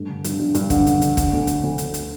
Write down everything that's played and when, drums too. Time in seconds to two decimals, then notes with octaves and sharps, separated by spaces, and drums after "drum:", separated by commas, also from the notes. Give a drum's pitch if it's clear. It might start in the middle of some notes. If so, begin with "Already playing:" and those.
Already playing: G2 A3
0.09 D3
0.24 G2, drum: hi-hat
0.39 G2
0.55 G2, drum: hi-hat
0.70 D3, drum: kick, hi-hat
0.87 D3, drum: hi-hat
1.02 D3, drum: hi-hat
1.17 D3, drum: kick, hi-hat
1.33 D2
1.47 D2, drum: hi-hat
1.63 D2
1.78 D2, drum: hi-hat
1.94 drum: hi-hat